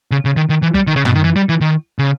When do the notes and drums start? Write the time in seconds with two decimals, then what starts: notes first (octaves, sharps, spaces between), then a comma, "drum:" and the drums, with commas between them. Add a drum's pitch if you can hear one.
0.11 C#3
0.25 C#3
0.36 D#3
0.49 D#3
0.62 E3
0.74 G3, drum: kick
0.87 D#3
0.96 C#3
1.05 B2, drum: tom
1.15 D#3
1.24 E3
1.36 G3
1.49 E3
1.61 D#3
1.99 C#3